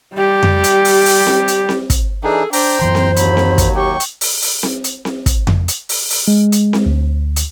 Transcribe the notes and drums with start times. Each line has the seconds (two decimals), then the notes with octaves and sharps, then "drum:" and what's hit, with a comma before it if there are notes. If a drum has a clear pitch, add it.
0.14 G3 G4
0.43 drum: tom F2
0.64 drum: hi-hat
0.85 drum: open hi-hat
1.06 drum: open hi-hat
1.27 drum: snare C4
1.48 drum: hi-hat
1.69 drum: snare C4
1.90 drum: kick, hi-hat
2.24 E3 D4 D#4 G#4 A4
2.53 D4 C5 G5 A#5, drum: open hi-hat
2.81 F#2 E3 C6
2.95 drum: snare C4
3.16 D#2 F#3 B5, drum: hi-hat
3.37 drum: snare C4
3.58 drum: kick, hi-hat
3.75 G4 G5 C#6
4.00 drum: hi-hat
4.21 drum: open hi-hat
4.42 drum: open hi-hat
4.63 drum: snare C4
4.84 drum: hi-hat
5.05 drum: snare C4
5.26 drum: kick, hi-hat
5.47 drum: tom F2
5.68 drum: hi-hat
5.89 drum: open hi-hat
6.10 drum: open hi-hat
6.28 G#3
6.52 drum: hi-hat
6.73 drum: snare C4
6.86 D2
7.36 drum: hi-hat